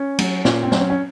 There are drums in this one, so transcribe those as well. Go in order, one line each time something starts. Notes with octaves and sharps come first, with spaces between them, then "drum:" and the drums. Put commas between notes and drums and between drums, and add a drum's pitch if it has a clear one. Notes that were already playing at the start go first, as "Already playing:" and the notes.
Already playing: C#4
F#3, drum: cymbal
A#2 C#4, drum: snare
C4
F#3, drum: snare
C#4
C#4